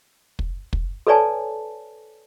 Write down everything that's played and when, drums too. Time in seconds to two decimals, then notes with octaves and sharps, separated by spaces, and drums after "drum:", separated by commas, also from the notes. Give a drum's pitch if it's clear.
0.39 drum: kick
0.73 drum: kick
1.07 A4 B4 C#5 D5 G#5 A5